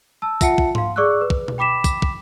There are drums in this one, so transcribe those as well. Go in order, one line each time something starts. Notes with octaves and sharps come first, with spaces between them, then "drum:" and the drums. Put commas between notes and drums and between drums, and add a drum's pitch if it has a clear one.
A5 E6
F4 E5 F#5 A5 C#7, drum: kick, tambourine
drum: kick
F5 C6, drum: tom G#2
G#4 D5 C#6 D6 E6 F#6
B4
drum: kick
drum: tom B2
G5 B5 D6 B6 E7
drum: kick, tambourine
drum: kick